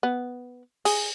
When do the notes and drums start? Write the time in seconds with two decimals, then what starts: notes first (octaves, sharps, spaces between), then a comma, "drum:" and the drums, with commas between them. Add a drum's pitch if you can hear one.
0.03 B3
0.85 G#4, drum: open hi-hat